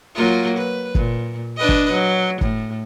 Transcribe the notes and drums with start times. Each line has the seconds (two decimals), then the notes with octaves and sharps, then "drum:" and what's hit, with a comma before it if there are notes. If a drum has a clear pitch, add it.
0.15 F#3 A#3 F4
0.57 B4
0.95 A#2, drum: kick
1.57 D4 B4 D#5
1.69 drum: kick
1.92 F#3
2.41 A2, drum: kick